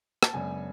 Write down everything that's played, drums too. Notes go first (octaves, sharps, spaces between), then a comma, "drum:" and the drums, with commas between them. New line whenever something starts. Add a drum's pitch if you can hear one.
A5, drum: rim click
F#2 C#3 G#3 B3 D4 G#5